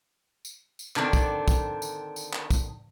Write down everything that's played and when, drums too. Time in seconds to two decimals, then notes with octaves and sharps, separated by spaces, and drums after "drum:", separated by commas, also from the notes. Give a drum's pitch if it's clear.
0.45 drum: tambourine
0.79 drum: tambourine
0.96 D3 D#3 C4 D4, drum: clap
1.13 drum: kick, tambourine
1.48 drum: kick, tambourine
1.82 drum: tambourine
2.16 drum: tambourine
2.33 drum: clap
2.51 drum: kick, tambourine